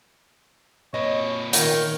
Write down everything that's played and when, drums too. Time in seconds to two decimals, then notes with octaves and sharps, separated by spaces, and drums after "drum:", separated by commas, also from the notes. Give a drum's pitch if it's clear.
0.94 A#2 B4 C#5 D#5
1.53 D#3 F4 A#4 C#5 G5, drum: hi-hat